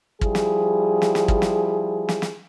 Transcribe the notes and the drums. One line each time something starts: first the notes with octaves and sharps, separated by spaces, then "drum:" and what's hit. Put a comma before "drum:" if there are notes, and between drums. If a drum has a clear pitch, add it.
F3 G3 E4 G#4, drum: kick
drum: snare
drum: snare
drum: snare
drum: kick
drum: snare
drum: snare
drum: snare